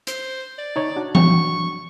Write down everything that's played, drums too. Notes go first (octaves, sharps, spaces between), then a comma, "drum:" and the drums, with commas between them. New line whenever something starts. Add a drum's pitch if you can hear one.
C5, drum: hi-hat
D5
D#4 C#5
D4 F#4
C#6, drum: tom E3